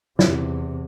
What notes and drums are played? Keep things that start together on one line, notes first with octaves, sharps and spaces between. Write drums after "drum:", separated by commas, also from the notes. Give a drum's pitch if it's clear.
E2 C3 E4 F4 D5, drum: snare